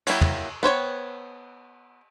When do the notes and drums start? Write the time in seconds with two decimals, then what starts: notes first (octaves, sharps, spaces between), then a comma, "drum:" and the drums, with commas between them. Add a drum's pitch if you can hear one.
0.07 F#3 A#3 E4 G4, drum: cymbal
0.21 drum: tom
0.63 B3 C5 C#5 G5